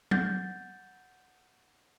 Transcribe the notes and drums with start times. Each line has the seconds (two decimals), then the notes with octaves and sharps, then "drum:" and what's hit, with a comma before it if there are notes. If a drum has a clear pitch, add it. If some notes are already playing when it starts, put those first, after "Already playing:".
0.11 F#5 G6 A6, drum: tom F#3